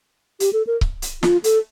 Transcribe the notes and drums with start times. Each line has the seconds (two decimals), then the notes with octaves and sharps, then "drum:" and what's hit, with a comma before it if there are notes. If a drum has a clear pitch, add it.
0.40 G4, drum: hi-hat
0.53 A4
0.67 A#4
0.81 drum: kick C#1
1.02 drum: hi-hat
1.23 F4, drum: snare
1.44 A4, drum: hi-hat